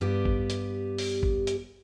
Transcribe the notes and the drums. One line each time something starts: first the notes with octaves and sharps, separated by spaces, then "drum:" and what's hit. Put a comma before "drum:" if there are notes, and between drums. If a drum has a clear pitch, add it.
G2 B3 G4 D5
drum: kick
drum: hi-hat
drum: open hi-hat
drum: kick
drum: hi-hat